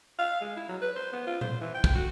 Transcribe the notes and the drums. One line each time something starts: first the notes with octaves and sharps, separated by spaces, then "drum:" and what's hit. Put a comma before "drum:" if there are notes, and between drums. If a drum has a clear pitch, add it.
F5
G#3
E4
F#3
B4
C5
B3
F4
C5, drum: tom
E3
G5
drum: kick
F#4